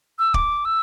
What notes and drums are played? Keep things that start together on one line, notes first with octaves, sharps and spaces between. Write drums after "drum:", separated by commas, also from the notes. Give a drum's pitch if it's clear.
E6
D6, drum: kick
E6